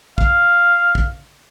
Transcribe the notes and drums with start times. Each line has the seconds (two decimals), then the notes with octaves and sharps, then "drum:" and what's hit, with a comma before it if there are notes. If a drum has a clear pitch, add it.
0.18 F5, drum: kick
0.95 drum: kick